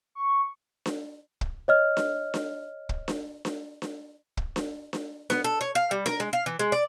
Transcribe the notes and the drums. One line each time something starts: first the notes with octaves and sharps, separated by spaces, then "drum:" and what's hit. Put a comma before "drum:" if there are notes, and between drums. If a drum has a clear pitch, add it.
C#6
drum: snare D4
drum: kick
C#5 D#5 F6
drum: snare D4
drum: snare D4
drum: kick
drum: snare D4
drum: snare D4
drum: snare D4
drum: kick
drum: snare D4
drum: snare D4
B3, drum: snare D4
A4
C#5
F5
G3
A#4, drum: snare D4
G#3
F5
E3
G#3
D5